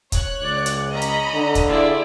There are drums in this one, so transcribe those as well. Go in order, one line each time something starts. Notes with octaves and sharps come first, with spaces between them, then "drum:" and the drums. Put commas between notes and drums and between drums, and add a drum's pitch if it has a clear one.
C#5 F#6, drum: kick, hi-hat
C#2 D5
drum: hi-hat
C#4 D#5 A#5 B5
drum: hi-hat
D3
drum: kick, hi-hat
E4 F4 G#4 D5